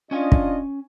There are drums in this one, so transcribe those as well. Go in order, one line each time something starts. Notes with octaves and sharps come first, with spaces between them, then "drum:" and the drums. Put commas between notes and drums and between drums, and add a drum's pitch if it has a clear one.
C#4 D4 F4 D#5 G#5
drum: kick